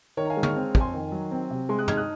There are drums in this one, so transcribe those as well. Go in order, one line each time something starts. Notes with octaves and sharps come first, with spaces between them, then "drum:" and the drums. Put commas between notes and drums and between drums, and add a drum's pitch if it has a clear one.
D#3 A#4 C#5
A#5
F5 G#5
G#3
C#6 F6, drum: tom
C4
F2, drum: kick
G#5 C6
D#3
F#3
C4
C3
G#3 G#5 C6
D#6 F#6
D#4 F6 G#6, drum: tom
D#6 F#6